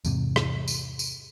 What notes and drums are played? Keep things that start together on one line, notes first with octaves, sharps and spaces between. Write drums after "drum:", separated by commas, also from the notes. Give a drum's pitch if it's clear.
E2 G#2 C3, drum: tambourine
drum: rim click
drum: tambourine
drum: tambourine